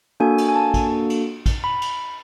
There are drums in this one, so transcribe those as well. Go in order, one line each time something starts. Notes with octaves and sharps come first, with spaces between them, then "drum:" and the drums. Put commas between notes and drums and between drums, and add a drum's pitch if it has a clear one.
A#3 D4 F#4 A4 G#5
drum: cymbal
G#5
A5
drum: kick, cymbal
drum: cymbal
drum: kick, cymbal
B5
drum: cymbal